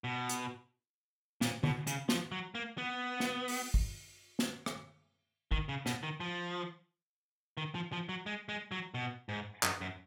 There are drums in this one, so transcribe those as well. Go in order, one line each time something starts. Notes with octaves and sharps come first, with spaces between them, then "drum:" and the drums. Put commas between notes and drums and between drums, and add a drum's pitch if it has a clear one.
B2
drum: hi-hat
A#2, drum: snare
B2, drum: tom D3
C#3, drum: hi-hat
F3, drum: snare
F#3
A#3
B3
drum: snare
drum: open hi-hat
drum: kick
drum: snare
drum: rim click
D#3, drum: kick
C#3
B2, drum: snare
D#3
F3
D#3
F3
F3
F#3
G#3
G#3
F#3
B2
G#2
F#2, drum: clap
F#2